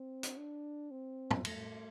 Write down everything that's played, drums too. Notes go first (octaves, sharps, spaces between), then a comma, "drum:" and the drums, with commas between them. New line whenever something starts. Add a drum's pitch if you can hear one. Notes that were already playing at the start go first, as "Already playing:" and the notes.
Already playing: C4
drum: hi-hat
D4
C4
drum: tom
A3, drum: cymbal